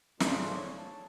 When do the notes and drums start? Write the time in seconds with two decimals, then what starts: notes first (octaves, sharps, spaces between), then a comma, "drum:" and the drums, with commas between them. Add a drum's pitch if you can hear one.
0.20 G#2 C#3 A3 D4 F4 G#4, drum: snare
0.55 C#5
0.78 A5